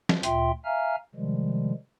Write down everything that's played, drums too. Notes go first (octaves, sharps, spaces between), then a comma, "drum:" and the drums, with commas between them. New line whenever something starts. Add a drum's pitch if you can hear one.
drum: snare
D2 A#2 F4 E5 G5 C6, drum: hi-hat
E5 F5 G#5 A#5 F6
C3 D#3 F3 G3 G#3